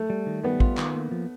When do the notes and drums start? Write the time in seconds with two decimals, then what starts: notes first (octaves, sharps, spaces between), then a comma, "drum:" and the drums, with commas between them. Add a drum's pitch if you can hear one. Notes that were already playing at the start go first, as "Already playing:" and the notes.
Already playing: A3
0.10 G3
0.26 D#3
0.44 G3 B3
0.60 F4, drum: kick
0.77 D#3, drum: clap
0.95 A#3
1.11 F3